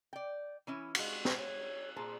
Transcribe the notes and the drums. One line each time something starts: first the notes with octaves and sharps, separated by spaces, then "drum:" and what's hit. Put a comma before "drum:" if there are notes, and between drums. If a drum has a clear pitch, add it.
D5 G5
E3 C#4 E4
G#3 F#4, drum: cymbal
drum: snare
C#5
A#2 G#4 C5 A5